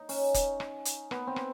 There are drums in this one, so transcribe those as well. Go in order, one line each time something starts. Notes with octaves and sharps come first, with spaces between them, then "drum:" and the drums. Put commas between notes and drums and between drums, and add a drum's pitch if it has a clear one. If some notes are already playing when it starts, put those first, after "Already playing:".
Already playing: D#4
C#4, drum: open hi-hat
drum: kick F1, hi-hat
drum: rim click
drum: hi-hat
B3, drum: rim click
C4
drum: rim click